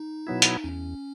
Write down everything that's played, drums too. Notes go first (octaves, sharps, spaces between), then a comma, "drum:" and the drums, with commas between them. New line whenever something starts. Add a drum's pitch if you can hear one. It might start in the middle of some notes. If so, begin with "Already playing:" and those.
Already playing: D#4
B2 F#3 B3 E4
drum: hi-hat
E2 C#4